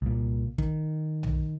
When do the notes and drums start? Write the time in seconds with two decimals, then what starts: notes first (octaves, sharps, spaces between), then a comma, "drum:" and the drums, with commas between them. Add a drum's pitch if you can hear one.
0.02 C2 A#2
0.58 D#3, drum: kick G1
1.23 drum: tom B1